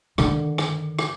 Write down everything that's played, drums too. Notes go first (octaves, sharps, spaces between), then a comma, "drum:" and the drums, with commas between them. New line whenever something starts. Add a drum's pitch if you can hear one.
D3 D#3, drum: rim click
drum: rim click
drum: rim click